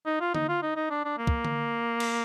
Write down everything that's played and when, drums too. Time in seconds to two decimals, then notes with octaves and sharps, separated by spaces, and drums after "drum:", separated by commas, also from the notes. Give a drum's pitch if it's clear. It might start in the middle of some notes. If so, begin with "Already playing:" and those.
0.06 D#4
0.21 F4
0.35 D#4, drum: tom D3
0.49 F4
0.62 D#4
0.76 D#4
0.90 D4
1.05 D4
1.18 A#3
1.27 drum: kick
1.45 drum: tom D3
2.00 drum: cymbal